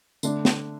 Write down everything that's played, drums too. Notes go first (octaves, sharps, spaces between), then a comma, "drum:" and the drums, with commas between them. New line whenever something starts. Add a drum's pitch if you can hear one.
D3 A3 D4, drum: tambourine
drum: snare